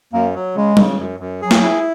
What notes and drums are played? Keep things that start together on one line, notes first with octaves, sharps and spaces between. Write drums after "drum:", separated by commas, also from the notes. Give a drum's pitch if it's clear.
F#2 A#3
F#3
C#3 G#3
C#3, drum: tom G3
F#2
F#2
F#3 G#4
drum: snare
E4